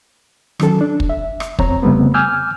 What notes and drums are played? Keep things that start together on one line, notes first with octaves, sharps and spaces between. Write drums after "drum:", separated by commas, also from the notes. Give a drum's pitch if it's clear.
D#3 F#3 C#4 A4, drum: rim click
D4
drum: kick
E5
drum: rim click
F2 C4 C#5 A#5, drum: kick
F2 C#3 G3 A3 B3 C4
G#5 D6 E6 F6 G6 G#6